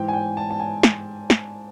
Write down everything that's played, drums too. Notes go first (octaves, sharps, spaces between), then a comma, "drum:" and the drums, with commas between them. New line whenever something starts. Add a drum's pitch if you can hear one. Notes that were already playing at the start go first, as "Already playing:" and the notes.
Already playing: G#2 E3 G5
G#5
G5
A5
A5
G#5
drum: snare
drum: snare